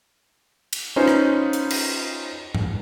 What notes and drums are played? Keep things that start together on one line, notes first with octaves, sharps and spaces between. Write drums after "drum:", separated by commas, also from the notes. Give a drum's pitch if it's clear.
drum: cymbal
C#4 D#4 F4 B4 C5
drum: rim click
drum: hi-hat
drum: cymbal
drum: tom G#2